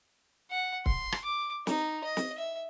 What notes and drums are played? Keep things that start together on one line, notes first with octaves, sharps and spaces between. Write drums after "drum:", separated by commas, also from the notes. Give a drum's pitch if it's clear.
F#5
C6, drum: kick C#1
drum: rim click
D6
D#4, drum: snare
D#5
drum: snare
E5